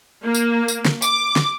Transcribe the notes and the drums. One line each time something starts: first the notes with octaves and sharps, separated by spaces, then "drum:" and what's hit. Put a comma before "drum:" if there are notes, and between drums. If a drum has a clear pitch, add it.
A#3
drum: tambourine
drum: tambourine
drum: snare
D6, drum: tambourine
drum: snare